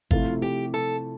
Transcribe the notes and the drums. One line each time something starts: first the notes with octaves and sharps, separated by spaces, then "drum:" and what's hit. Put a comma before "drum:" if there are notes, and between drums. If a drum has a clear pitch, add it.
C3 F3 A3 E4 F4, drum: kick G1
G4
A4